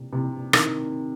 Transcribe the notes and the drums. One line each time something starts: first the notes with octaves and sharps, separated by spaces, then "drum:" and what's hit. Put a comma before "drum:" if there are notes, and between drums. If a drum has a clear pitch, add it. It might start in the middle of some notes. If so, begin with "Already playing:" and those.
Already playing: C3
C3
D#3, drum: rim click